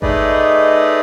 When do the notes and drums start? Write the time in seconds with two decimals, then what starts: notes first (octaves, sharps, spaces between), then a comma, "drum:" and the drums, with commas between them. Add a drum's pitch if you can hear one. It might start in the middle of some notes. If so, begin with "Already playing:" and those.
0.02 A3 D#4 G#4 B4 D5 D#5, drum: kick G#1